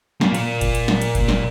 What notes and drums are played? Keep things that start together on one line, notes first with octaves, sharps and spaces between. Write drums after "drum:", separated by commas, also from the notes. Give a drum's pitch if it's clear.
A#2 A#3, drum: snare
drum: cymbal
drum: kick F#1, cymbal
drum: cymbal
drum: snare
drum: cymbal
drum: kick F#1, cymbal
drum: snare